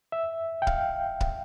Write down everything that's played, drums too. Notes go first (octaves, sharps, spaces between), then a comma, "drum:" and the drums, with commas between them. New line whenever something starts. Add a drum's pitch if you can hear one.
E5
G5
F5, drum: kick C#1
drum: kick C#1